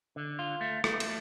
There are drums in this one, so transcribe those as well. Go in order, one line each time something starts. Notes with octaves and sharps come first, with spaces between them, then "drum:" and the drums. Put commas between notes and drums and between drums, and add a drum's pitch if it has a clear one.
D3
F4
A3
A3, drum: rim click
drum: cymbal